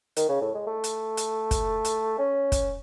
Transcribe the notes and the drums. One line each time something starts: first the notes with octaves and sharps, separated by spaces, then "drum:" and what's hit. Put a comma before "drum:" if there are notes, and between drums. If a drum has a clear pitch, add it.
D#3, drum: hi-hat
C#3
A2
G#3
A3
drum: hi-hat
drum: hi-hat
drum: kick, hi-hat
drum: hi-hat
C#4
drum: kick, hi-hat